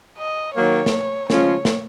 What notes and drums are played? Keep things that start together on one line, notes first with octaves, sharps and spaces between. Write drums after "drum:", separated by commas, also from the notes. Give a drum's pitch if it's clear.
D#5
D#3 F#3 A#3 C#5
drum: snare
C#3 F3 G#3 C#4 F4 C#5, drum: snare
drum: snare